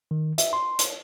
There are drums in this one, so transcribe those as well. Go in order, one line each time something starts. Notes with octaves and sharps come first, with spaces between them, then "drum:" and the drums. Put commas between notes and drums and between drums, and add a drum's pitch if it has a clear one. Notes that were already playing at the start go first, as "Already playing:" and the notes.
D#3
E5, drum: hi-hat
C6
drum: hi-hat